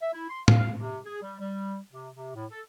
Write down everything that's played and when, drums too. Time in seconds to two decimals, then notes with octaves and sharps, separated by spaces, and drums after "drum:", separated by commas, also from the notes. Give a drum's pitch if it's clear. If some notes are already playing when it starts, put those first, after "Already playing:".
0.01 E5
0.13 E4
0.29 C6
0.48 F5, drum: tom A2
0.79 C3
1.05 G#4
1.22 G3
1.39 G3
1.92 C3
2.15 C3
2.35 A2
2.51 A4